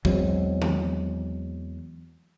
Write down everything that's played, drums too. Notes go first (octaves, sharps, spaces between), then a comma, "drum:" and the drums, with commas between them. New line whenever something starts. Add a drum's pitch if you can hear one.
E2 F#3 G#3 C4, drum: kick
drum: tom D#3